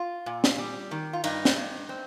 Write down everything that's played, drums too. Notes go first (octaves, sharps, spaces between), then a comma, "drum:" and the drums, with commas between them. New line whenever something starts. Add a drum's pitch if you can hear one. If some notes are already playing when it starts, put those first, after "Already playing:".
Already playing: F4
A#2
drum: snare
G3
D#3
F4
G2 D#4, drum: cymbal
drum: snare
G2
C4